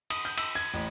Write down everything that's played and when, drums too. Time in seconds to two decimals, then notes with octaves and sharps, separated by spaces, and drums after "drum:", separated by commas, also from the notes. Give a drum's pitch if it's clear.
0.10 D#6, drum: cymbal
0.25 G6
0.38 E6, drum: cymbal
0.55 G#6
0.74 A1